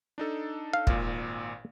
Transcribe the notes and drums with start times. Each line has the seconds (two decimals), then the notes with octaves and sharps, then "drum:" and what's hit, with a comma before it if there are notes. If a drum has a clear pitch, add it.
0.18 D4 D#4 A4
0.73 F5
0.87 G#1 A#2, drum: kick